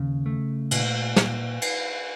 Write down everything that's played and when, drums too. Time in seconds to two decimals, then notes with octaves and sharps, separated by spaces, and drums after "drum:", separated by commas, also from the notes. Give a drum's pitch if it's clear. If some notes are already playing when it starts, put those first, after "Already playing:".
Already playing: D#2 C#3
0.26 A3
0.71 A#2, drum: cymbal
1.16 A#2, drum: snare
1.62 drum: cymbal